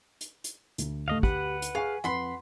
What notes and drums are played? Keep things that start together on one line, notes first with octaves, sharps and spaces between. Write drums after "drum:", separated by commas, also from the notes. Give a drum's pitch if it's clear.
drum: hi-hat
drum: hi-hat
D2, drum: hi-hat
D#2 G#2 A3 D#5 F5
G4 B4 F#5, drum: kick
drum: hi-hat
G#4 F5 G#5 C#6
F2 B4 F#5 B5 C6